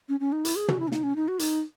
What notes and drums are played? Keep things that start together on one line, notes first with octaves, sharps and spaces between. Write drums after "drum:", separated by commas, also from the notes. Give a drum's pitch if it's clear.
C#4
C#4
D#4
E4, drum: hi-hat
G#4
F#4, drum: tom
E4
C#4
D#4, drum: snare
C#4
D#4
F#4
D#4, drum: hi-hat